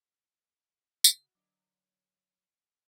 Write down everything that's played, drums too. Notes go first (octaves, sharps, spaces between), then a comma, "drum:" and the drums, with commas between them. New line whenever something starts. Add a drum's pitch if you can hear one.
C#3 F#4 E5, drum: tambourine
D3 F#3 D#5 D6